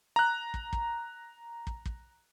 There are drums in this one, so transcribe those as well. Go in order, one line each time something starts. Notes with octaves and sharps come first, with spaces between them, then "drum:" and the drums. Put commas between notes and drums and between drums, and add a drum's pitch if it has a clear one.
A#5 F#6
drum: kick
drum: kick
drum: kick
drum: kick